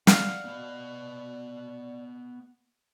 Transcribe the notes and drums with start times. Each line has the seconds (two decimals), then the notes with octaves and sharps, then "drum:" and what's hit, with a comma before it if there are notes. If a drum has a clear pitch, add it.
0.07 D5 F5 F#5, drum: snare
0.45 B3 D#5